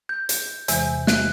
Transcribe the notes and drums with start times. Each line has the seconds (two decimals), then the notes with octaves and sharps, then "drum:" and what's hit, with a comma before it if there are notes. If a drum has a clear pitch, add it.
0.09 G6
0.29 drum: hi-hat
0.68 E2 C3 E3 G#3, drum: hi-hat
1.07 F#6, drum: snare